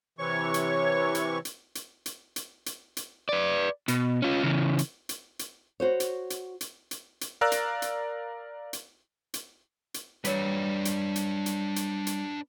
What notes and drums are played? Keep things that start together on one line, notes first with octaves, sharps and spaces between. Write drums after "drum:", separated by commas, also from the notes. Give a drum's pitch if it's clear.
C3 E3 C#5 C#6
drum: hi-hat
drum: hi-hat
drum: hi-hat
drum: hi-hat
drum: hi-hat
drum: hi-hat
drum: hi-hat
drum: hi-hat
B4 D5
B2, drum: hi-hat
C#4 F4
C#3 E3
drum: hi-hat
drum: hi-hat
drum: hi-hat
F#4 C5 C#5
drum: hi-hat
drum: hi-hat
drum: hi-hat
drum: hi-hat
drum: hi-hat
A#4 D5 F5 A#5 E6 F#6
drum: hi-hat
drum: hi-hat
drum: hi-hat
drum: hi-hat
drum: hi-hat
G3 D4 B4 C#5, drum: hi-hat
drum: hi-hat
drum: hi-hat
drum: hi-hat
drum: hi-hat
drum: hi-hat